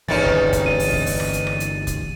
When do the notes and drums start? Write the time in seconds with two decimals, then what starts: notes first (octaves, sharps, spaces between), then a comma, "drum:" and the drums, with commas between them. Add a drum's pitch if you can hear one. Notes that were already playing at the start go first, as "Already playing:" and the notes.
0.08 G1 E2 D#3 E3 C#4 A6
0.26 drum: kick F1
0.53 drum: kick F1, hi-hat
0.66 D#7
0.79 drum: open hi-hat
0.93 drum: kick F1
1.06 drum: open hi-hat
1.20 drum: rim click
1.33 drum: hi-hat
1.47 drum: rim click
1.60 drum: hi-hat
1.87 drum: kick F1, hi-hat